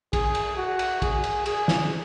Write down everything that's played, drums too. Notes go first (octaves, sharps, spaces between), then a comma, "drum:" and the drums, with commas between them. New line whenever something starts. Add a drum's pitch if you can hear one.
G#4, drum: kick, cymbal
drum: cymbal
F#4
drum: cymbal
G#4, drum: kick, cymbal
drum: cymbal
G#4, drum: cymbal
drum: snare